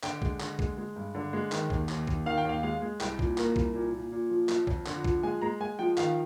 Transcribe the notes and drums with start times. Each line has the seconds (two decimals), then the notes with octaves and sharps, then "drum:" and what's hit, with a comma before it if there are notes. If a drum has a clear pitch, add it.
0.03 D3 G5, drum: clap
0.22 G#3, drum: kick
0.40 D3, drum: clap
0.59 G#3, drum: kick
0.78 G#3
0.96 G2
1.15 D3
1.33 G#3
1.52 D#3, drum: clap
1.70 D#2, drum: kick
1.89 D#2, drum: clap
2.07 D#2, drum: kick
2.26 D#3 F5
2.38 G5
2.45 D#2 F5
2.63 G#3 F5
2.82 G#3
3.01 C2 G5, drum: clap
3.19 A#2, drum: kick
3.38 A#3, drum: clap
3.56 C2, drum: kick
3.75 A#2
3.93 A#2
4.12 A#2
4.30 F3
4.49 F3, drum: clap
4.67 F2, drum: kick
4.86 D3, drum: clap
5.04 F3, drum: kick
5.23 G#3 G#5
5.41 G#3 A#5
5.60 G#3 G#5
5.79 F3 G5
5.97 D#3 F5, drum: clap